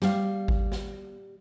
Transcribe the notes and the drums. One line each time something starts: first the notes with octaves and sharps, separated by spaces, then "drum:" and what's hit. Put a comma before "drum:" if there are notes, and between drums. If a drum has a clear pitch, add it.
G3 F5, drum: snare
drum: kick G#1
drum: snare